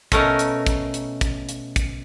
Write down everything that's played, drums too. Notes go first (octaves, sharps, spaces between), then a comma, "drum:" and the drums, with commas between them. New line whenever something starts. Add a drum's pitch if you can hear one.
B2 A3 C#4 A#4, drum: kick, hi-hat
drum: hi-hat
drum: kick, hi-hat
drum: hi-hat
drum: kick, hi-hat
drum: hi-hat
drum: kick, hi-hat